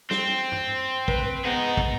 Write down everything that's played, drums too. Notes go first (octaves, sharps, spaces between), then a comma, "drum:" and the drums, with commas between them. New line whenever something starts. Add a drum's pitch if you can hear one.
C4, drum: snare
drum: tom
B4, drum: kick
B3 D#4 G#4
drum: kick